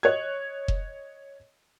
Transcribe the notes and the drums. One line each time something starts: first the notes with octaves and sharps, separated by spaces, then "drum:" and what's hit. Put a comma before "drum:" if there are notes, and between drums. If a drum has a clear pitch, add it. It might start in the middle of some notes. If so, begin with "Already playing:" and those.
C#5 D#5 F#6 G#6
drum: kick F1